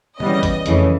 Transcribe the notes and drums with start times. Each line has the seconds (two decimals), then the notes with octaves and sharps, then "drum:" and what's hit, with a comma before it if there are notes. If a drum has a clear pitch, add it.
0.20 C#3 E3 G3 B3 D#5, drum: tom
0.43 drum: kick, hi-hat
0.66 F2 C#3 E3 A3, drum: hi-hat